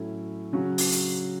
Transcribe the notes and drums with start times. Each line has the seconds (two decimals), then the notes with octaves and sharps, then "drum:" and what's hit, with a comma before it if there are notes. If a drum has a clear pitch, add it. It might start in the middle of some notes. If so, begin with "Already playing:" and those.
Already playing: A2 F#3 A3 C#4 E4
0.53 C#3 F#3 C#4 F#4
0.78 drum: open hi-hat
0.92 drum: hi-hat